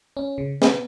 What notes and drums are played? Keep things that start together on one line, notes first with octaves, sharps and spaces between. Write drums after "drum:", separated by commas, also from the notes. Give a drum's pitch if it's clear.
C#4
C#3
B3, drum: snare